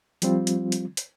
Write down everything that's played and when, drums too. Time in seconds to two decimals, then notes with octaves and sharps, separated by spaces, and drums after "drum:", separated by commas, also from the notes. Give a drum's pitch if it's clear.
0.22 F3 G3 C4 F4, drum: hi-hat
0.47 drum: hi-hat
0.72 drum: hi-hat
0.97 drum: hi-hat